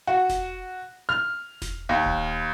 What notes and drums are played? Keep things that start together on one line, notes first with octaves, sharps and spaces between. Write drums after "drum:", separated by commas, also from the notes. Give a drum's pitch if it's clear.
F#4
drum: snare E1
F6
drum: snare E1
D#2
drum: kick D1